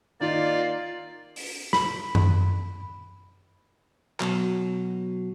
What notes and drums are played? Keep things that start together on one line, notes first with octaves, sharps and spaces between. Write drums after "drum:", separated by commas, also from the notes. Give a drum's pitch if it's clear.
D#3 A#3 D#4 F4 D5
drum: open hi-hat
B5, drum: snare
drum: tom F#2
B2 F#3, drum: clap